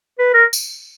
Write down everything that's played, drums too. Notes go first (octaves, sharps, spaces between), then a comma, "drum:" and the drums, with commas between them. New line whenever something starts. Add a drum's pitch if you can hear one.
B4
A#4
drum: tambourine